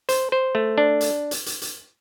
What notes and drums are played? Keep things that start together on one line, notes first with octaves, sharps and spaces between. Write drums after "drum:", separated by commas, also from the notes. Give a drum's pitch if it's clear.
C5, drum: hi-hat
C5
A3
D4
drum: hi-hat
drum: hi-hat
drum: hi-hat
drum: hi-hat